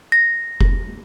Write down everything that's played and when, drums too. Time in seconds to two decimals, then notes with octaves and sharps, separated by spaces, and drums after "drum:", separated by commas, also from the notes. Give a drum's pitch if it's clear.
0.12 A#6
0.61 drum: kick F1